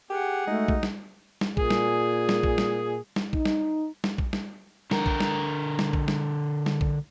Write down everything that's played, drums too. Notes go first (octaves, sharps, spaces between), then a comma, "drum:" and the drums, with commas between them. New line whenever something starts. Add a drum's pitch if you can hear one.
G4 G#4 F#5
G#3 A3 D#4 F#4
drum: kick A#1
drum: snare
drum: snare
A#2 G#4, drum: kick A#1
drum: snare
drum: snare
drum: kick A#1
drum: snare
drum: snare
D#4, drum: kick A#1
drum: snare
drum: snare
drum: kick A#1
drum: snare
D3 A#4, drum: snare
drum: kick A#1
drum: snare
drum: snare
drum: kick A#1
drum: snare
drum: snare
drum: kick A#1